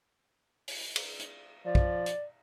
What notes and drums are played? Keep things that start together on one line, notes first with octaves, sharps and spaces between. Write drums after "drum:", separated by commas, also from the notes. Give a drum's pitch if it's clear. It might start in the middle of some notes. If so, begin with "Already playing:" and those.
drum: open hi-hat
drum: cymbal
drum: hi-hat
F3 D5
drum: kick
drum: hi-hat